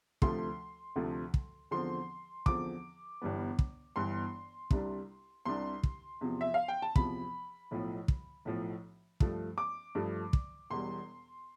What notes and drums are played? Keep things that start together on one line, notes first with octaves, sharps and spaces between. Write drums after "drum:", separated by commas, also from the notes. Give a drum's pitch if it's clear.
D2 C3 F3 A3 C6, drum: kick
D2 C3 F3 A3
drum: kick
E2 D3 F3 C4 C6
E2 D3 F3 C4 D6, drum: kick
G1 G2 E3 G3 B3
drum: kick
G1 G2 E3 G3 B3 C6
C2 C3 G3 D4, drum: kick
C2 C3 G3 D4 C6
drum: kick
E2 C3 F3
E5
F5
G5
A5
E2 C3 F3 B5, drum: kick
B1 A2 F3
drum: kick
B1 A2 F3
G2 F3 A3, drum: kick
D6
G2 F3 A3
drum: kick
E1 E2 B2 G3 C6